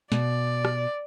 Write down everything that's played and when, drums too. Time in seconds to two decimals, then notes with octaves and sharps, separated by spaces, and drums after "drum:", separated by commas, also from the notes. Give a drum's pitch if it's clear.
0.12 B2 D5, drum: snare
0.65 drum: rim click